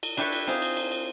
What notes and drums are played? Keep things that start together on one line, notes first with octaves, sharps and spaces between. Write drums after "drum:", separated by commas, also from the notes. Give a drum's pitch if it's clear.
drum: cymbal
D4 E4 G4 A4 B4 C#5, drum: cymbal
drum: cymbal
C4 D#4 F4 G#4
drum: cymbal
drum: cymbal
drum: cymbal